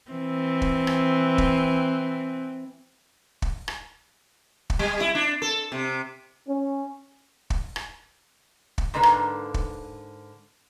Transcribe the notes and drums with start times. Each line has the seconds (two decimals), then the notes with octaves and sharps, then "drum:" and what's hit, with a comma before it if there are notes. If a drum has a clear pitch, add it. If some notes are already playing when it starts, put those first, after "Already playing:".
0.11 E3 C4
0.62 drum: kick
0.87 drum: rim click
1.38 drum: kick
3.42 drum: kick
3.68 drum: rim click
4.70 drum: kick
4.79 G3
5.00 E4
5.15 D4
5.42 A4
5.72 C3
6.47 C#4
7.50 drum: kick
7.76 drum: rim click
8.78 drum: kick
8.94 G#2 D3 A#3 B4
9.03 drum: rim click
9.54 drum: kick